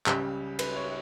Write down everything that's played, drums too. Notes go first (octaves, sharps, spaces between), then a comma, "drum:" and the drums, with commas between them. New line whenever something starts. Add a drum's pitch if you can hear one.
C#2 C#3 G3 G4, drum: clap
B4, drum: cymbal
C#5